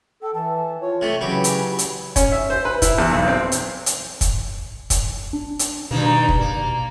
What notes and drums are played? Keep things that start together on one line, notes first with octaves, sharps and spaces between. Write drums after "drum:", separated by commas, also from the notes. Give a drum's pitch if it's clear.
A4 G5
E3 A5
F4 C#5
C3 A3
C#3 E3 F#3 G4 B5
drum: hi-hat
drum: hi-hat
C#4, drum: kick, hi-hat
E5
C5
B4
E4, drum: kick, hi-hat
E2
B1
C4
drum: hi-hat
drum: hi-hat
drum: kick, hi-hat
drum: kick, hi-hat
D4
drum: hi-hat
G2 B2 D#3 A#3
drum: kick
A#3